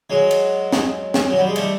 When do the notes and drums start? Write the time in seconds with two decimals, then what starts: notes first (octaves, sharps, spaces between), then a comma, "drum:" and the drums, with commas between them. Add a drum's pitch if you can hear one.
0.10 F#3 G#3
0.31 drum: cymbal
0.72 drum: snare
1.14 drum: snare
1.30 F#3
1.39 G3
1.47 G#3
1.56 G3 A3, drum: cymbal